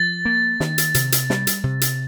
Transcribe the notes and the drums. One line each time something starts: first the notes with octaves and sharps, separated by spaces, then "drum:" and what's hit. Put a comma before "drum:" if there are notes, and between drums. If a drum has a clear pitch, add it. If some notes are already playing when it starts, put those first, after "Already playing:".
Already playing: F3 A6
A#3
D#3, drum: snare
drum: hi-hat
C3, drum: hi-hat
drum: hi-hat
G3, drum: snare
drum: hi-hat
C3
drum: hi-hat